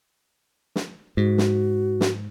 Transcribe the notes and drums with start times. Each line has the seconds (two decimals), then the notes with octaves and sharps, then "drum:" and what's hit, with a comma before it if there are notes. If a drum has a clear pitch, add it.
0.76 drum: snare
1.17 G#2 F#4
1.38 drum: snare
2.01 drum: snare